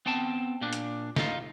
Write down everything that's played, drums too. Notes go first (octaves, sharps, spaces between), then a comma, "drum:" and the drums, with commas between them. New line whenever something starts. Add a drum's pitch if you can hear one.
B3 C4 G5 A5
A#2 D4
drum: hi-hat
D#4 F4, drum: snare